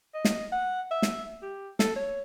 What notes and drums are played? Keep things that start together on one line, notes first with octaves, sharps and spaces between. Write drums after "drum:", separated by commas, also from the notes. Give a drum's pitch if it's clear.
D#5
drum: snare
F#5
E5
drum: snare
G4
A4, drum: snare
C#5